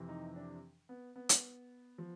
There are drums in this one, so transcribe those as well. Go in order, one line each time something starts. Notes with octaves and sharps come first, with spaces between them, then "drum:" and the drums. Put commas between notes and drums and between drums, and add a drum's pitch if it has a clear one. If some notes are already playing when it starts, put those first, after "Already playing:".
Already playing: F2 C3 E3
D#4
D4
B3
B3
drum: hi-hat
F3